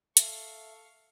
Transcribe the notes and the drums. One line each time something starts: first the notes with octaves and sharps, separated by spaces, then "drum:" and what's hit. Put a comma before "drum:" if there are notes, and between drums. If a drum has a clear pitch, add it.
A4 E5 F5 C#6, drum: hi-hat